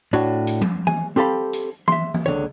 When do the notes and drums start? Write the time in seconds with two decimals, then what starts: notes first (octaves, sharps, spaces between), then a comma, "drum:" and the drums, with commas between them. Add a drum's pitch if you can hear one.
0.13 A2 D4 F#4 C#5
0.47 drum: hi-hat
0.61 drum: tom F3
0.87 G#5, drum: tom E3
1.16 C4 G4 A4 F5 B5
1.53 drum: hi-hat
1.88 E5 C6, drum: tom E3
2.14 drum: tom E3
2.26 C#2 D3 C#5